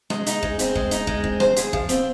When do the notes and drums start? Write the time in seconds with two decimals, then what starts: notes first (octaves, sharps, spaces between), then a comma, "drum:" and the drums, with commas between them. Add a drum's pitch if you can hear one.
0.10 G#3, drum: rim click
0.26 D#4, drum: hi-hat
0.43 G#3, drum: kick
0.59 C4, drum: hi-hat
0.75 G#3, drum: kick
0.91 D#4, drum: hi-hat
1.07 G#3, drum: kick
1.24 C4, drum: kick
1.40 C5, drum: rim click
1.56 G#4, drum: hi-hat
1.73 F3, drum: kick
1.89 C4, drum: hi-hat